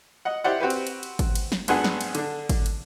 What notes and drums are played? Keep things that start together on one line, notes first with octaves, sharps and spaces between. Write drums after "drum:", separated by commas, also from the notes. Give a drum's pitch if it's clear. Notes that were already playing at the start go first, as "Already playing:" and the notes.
D#5 F#5
E4 G4 C5 D5 F#5
C4 F#4 G4 B4
drum: cymbal
drum: cymbal
drum: cymbal
drum: kick, cymbal
drum: cymbal
drum: snare
G#1 B3 D4 G#4 F#5, drum: cymbal
drum: snare
drum: cymbal
D3 D4, drum: cymbal
drum: kick, cymbal
drum: cymbal